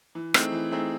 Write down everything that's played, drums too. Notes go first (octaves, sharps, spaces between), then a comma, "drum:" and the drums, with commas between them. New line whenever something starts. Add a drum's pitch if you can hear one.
E3
A3 C4 D#4 G#4, drum: rim click
E3
A3 C4 D#4 G#4